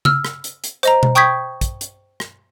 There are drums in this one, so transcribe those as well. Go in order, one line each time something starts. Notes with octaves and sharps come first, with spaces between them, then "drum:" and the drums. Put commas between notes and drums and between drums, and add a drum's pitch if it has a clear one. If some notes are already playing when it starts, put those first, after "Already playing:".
E6 F6, drum: tom C#3
drum: rim click
drum: hi-hat
drum: hi-hat
C5 D#5 A#5, drum: hi-hat
drum: tom B2
G5 C#6 D#6 G6 G#6 B6
drum: kick, hi-hat
drum: hi-hat
drum: rim click